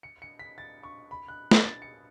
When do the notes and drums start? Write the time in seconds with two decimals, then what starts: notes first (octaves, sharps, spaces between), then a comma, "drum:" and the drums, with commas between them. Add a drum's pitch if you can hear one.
0.03 C#7
0.22 C#7
0.39 B6
0.58 A6
0.83 C#6
1.11 B5
1.28 F#6
1.51 drum: snare
1.64 A6
1.82 C#7